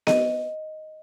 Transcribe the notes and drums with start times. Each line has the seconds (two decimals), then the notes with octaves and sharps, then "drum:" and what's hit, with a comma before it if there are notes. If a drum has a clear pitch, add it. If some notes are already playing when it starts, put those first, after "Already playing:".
0.07 D#5, drum: snare B3